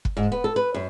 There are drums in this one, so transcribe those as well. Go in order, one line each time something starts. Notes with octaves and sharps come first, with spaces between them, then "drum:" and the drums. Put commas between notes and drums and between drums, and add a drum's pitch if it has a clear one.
drum: kick
G#2
B3
A4
B4
F#2